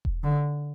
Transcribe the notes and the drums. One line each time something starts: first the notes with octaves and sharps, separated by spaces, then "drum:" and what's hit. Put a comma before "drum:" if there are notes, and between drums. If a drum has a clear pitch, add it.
drum: kick E1
D3